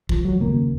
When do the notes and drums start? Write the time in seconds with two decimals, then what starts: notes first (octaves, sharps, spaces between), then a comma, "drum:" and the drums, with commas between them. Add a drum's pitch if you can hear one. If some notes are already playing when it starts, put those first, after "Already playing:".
0.09 F3, drum: kick
0.25 F#3
0.40 F1 D#2 C#3 A#3